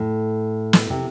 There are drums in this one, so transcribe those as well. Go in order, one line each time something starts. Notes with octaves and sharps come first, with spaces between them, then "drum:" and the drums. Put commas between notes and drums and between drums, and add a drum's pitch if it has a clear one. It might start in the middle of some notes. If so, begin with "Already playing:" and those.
Already playing: A2
drum: snare
C3